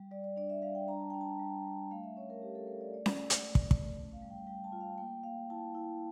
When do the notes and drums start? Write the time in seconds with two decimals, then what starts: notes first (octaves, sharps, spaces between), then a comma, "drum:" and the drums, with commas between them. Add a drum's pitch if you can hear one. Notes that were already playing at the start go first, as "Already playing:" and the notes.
Already playing: G3
0.11 G3 D5
0.24 D5
0.36 D4 D5
0.50 E5
0.62 G3 F5
0.75 G5
0.88 D4 A#5
1.00 A5
1.10 D4 G5
1.21 A5
1.39 G3
1.66 G3
1.91 A3 F5
2.03 E5
2.17 C#4 C#5
2.30 A#4
2.42 C#4 G4
2.55 A4
2.67 A3 A#4
2.81 D5
2.94 A3 D5
3.06 drum: snare C#4
3.18 A3
3.30 drum: hi-hat
3.45 A3
3.55 drum: kick
3.71 A3, drum: kick
3.96 C#4
4.13 F5
4.22 G3
4.30 G5
4.47 G3 G5
4.64 A5
4.72 F4
4.81 F5
4.98 A#3 G5
5.23 A#3 F5
5.50 E4 A5
5.75 E4